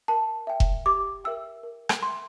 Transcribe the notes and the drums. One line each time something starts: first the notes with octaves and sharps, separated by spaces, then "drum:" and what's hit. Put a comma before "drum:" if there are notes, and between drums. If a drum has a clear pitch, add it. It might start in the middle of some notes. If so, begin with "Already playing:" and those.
A#4 A5
E5 G5
drum: kick F1
G4 D6
A#4 E5 G5 E6
A#4
drum: rim click
E5 G5 C6